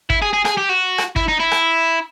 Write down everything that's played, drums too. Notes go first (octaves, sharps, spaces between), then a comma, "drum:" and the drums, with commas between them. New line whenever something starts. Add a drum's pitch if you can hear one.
E4, drum: kick
G#4
G#4
G#4, drum: rim click
G4
F#4
drum: rim click
E4, drum: kick
D#4
E4
drum: rim click